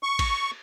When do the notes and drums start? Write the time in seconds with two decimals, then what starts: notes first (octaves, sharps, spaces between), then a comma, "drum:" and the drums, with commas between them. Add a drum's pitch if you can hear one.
0.03 C#6
0.19 drum: kick, cymbal